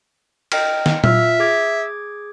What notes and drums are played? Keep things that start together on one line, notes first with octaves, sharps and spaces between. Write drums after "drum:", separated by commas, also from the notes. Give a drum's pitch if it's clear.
D#5 G5 F6, drum: cymbal
drum: snare
F4 E5 E6 F6, drum: tom A#2
G#4 D6 G#6